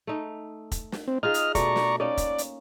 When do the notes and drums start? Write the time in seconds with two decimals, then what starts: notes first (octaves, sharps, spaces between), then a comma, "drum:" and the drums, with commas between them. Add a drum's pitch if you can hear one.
0.07 A3 D#4
0.72 drum: kick, hi-hat
0.92 drum: snare
1.08 C4
1.23 D#4 F4 G#4 D#5 F6
1.34 drum: hi-hat
1.55 B2 A3 D5 A#5 C#6, drum: kick, hi-hat
1.76 drum: snare
2.00 A#3 C#4 D#4 D5
2.17 drum: kick, hi-hat
2.38 drum: hi-hat